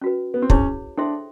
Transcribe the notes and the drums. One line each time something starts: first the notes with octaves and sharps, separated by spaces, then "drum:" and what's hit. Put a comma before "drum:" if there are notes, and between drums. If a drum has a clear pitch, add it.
C#4 F#4 B4
B3
C4
C#4 E4 G#4 C#5, drum: kick
D4 A4 C5 E5 G5 C6